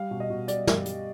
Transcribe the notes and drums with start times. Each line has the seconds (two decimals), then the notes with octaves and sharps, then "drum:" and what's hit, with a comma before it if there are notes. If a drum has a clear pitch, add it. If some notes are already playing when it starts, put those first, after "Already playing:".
Already playing: G3 F5
0.11 B2
0.20 D#5
0.30 B2
0.48 G3 D5, drum: hi-hat
0.67 G3, drum: snare
0.85 G3, drum: hi-hat